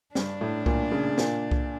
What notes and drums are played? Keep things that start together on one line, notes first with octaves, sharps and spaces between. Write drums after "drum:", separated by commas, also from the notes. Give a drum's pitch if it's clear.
G2 D4, drum: snare
A2
A#2, drum: kick C2
C#3
A#2, drum: snare
drum: kick C2